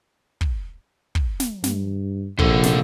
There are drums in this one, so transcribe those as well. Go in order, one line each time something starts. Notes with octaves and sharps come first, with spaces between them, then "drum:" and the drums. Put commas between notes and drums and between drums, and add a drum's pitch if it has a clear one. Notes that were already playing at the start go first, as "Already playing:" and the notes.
drum: kick
drum: kick
drum: snare
G2, drum: snare
A#1 C3 A4, drum: kick
drum: snare